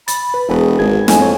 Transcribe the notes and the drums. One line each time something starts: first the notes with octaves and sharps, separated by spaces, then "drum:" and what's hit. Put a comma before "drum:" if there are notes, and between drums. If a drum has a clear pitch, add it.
B5 A6, drum: hi-hat
B4
E1 E4 G#4 B4
G#1 G#3 G#6
F2 E4 G#5, drum: snare
C#5